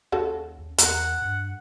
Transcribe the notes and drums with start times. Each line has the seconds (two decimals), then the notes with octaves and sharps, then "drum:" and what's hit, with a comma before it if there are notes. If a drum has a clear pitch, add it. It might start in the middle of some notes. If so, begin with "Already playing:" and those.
0.12 D#2 C#3 F#4 A4
0.78 E2 A#4 F#5 A#5, drum: hi-hat
1.22 G2